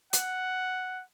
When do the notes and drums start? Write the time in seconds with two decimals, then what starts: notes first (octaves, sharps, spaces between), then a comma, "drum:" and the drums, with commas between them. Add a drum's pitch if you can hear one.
0.13 F#5, drum: hi-hat